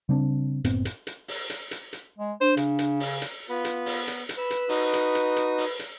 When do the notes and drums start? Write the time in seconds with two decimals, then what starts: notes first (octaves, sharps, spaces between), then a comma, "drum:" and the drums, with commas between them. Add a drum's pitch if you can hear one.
0.09 C#3 G3 C4 D4
0.64 F#1 A2 B3 C4, drum: hi-hat
0.85 drum: hi-hat
1.07 drum: hi-hat
1.28 drum: open hi-hat
1.50 drum: hi-hat
1.71 drum: hi-hat
1.93 drum: hi-hat
2.18 G#3
2.41 D4 C5
2.57 C#3, drum: hi-hat
2.79 drum: hi-hat
3.00 drum: open hi-hat
3.22 drum: hi-hat
3.50 B3 F4 B4 B5
3.65 drum: hi-hat
3.86 drum: open hi-hat
4.08 drum: hi-hat
4.29 drum: hi-hat
4.38 B4 B5 E6
4.51 drum: hi-hat
4.69 D#4 F#4 D#6, drum: open hi-hat
4.93 drum: hi-hat
5.15 drum: hi-hat
5.36 drum: hi-hat
5.58 drum: open hi-hat
5.79 drum: hi-hat